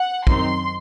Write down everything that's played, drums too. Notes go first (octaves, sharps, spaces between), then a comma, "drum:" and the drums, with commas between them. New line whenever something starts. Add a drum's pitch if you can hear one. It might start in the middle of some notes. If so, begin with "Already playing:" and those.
Already playing: F#5
F#2 D#3 F#3 C4 D#4 C6, drum: kick